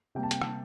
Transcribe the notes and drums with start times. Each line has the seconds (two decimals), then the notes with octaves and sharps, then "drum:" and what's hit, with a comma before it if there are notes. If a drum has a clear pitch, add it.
0.15 C3 G3 A#3 G5
0.23 A5
0.31 G5, drum: hi-hat
0.42 drum: rim click